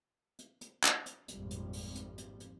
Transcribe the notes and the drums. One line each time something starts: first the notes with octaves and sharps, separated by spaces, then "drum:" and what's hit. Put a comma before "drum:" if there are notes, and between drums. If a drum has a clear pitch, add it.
drum: hi-hat
drum: hi-hat
drum: clap
drum: hi-hat
G#1 F2 A#2 F3 G3, drum: hi-hat
drum: hi-hat
drum: open hi-hat
drum: hi-hat
drum: hi-hat
drum: hi-hat